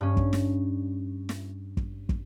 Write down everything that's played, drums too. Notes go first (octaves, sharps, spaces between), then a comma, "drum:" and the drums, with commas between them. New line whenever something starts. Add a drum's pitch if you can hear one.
G2 C#4
drum: kick
drum: snare
drum: snare
drum: kick
drum: kick